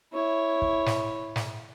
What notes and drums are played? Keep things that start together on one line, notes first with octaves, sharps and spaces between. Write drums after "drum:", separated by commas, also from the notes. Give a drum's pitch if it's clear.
E4 C#5
drum: kick
drum: snare
drum: snare